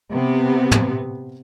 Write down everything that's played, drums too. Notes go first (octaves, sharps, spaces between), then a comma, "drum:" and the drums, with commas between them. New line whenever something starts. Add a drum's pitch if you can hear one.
C3 B3
drum: tom